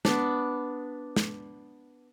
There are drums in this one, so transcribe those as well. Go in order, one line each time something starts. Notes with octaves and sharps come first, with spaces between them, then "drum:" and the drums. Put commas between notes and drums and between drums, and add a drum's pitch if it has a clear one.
B3 D4, drum: snare
drum: snare